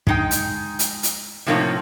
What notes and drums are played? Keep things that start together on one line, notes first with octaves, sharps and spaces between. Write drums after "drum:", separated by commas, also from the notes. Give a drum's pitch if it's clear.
G#3 D#4 G5, drum: kick
drum: hi-hat
drum: hi-hat
drum: hi-hat
A2 C3 F3 A#3 D#4 C#5